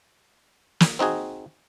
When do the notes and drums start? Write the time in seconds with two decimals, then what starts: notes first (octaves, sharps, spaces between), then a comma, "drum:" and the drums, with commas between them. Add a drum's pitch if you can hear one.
0.80 drum: snare
0.99 C4 D#4 F#4 G#4